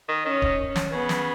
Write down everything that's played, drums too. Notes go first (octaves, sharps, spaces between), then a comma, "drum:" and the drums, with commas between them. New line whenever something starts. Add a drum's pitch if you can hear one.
D#3
D#3 C#4
drum: kick D1
drum: snare
C#3 B3
drum: snare